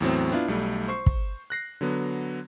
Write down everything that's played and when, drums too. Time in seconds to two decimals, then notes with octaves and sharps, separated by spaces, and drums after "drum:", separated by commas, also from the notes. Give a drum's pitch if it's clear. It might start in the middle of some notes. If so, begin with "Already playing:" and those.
0.01 E2 A2 F#3 C4
0.32 B3 D4 E4 F4
0.48 B1 G3 A3
0.88 C5 C#6 C7
1.06 drum: kick
1.50 F#6 A#6 C7
1.81 D3 F#3 B3